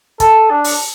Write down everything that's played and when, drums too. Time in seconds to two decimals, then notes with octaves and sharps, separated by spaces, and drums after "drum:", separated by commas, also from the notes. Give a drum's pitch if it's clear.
0.20 A4 A5, drum: kick, hi-hat
0.50 D4
0.64 drum: open hi-hat